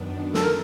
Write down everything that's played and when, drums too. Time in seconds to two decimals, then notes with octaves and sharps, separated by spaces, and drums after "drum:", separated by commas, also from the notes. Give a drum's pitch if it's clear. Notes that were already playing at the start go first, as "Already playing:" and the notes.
Already playing: F#2 D#3 B3 D4
0.34 A4, drum: snare
0.43 A#4